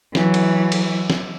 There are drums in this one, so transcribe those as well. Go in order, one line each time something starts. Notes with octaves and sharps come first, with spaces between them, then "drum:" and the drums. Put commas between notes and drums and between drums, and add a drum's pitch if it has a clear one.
E3 F#3, drum: snare
drum: cymbal
drum: cymbal
drum: snare